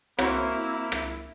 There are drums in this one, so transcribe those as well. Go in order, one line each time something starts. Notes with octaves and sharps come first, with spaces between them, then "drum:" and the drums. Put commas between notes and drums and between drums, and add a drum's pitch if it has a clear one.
A#3 C4 E4 F#4 C5 C#5, drum: rim click
drum: rim click